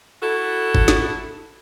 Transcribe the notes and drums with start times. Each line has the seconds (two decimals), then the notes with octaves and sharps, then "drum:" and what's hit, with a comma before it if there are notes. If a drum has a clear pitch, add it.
0.21 E4 F#4 A4
0.75 drum: kick
0.88 drum: snare